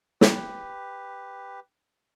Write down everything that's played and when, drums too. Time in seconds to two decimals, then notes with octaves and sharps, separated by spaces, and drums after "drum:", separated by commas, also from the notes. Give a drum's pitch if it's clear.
0.21 G4 B4, drum: snare